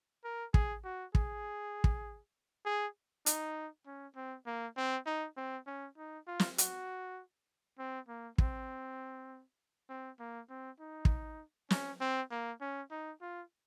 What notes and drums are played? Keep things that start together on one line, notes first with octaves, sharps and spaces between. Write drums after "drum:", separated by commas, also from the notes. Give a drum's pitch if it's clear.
A#4
G#4, drum: kick
F#4
G#4, drum: kick
drum: kick
G#4
D#4, drum: hi-hat
C#4
C4
A#3
C4
D#4
C4
C#4
D#4
F4
drum: snare
F#4, drum: hi-hat
C4
A#3
C4, drum: kick
C4
A#3
C4
D#4
drum: kick
C#4, drum: snare
C4
A#3
C#4
D#4
F4